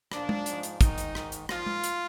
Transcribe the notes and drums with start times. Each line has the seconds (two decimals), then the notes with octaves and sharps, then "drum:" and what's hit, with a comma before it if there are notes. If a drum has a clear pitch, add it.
0.12 A#2 F3 D4, drum: rim click
0.29 drum: tom G#3
0.46 G#2 F3, drum: hi-hat
0.63 drum: hi-hat
0.81 G#2 D#3 D#4, drum: kick, hi-hat
0.98 drum: hi-hat
1.15 G#2 D#3, drum: rim click
1.32 drum: hi-hat
1.49 A#2 F3 F4, drum: rim click
1.66 drum: tom G#3
1.84 drum: hi-hat